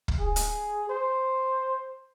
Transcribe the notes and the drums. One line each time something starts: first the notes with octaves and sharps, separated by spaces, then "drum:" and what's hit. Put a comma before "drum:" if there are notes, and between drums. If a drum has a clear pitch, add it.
drum: kick
G#4
drum: hi-hat
C5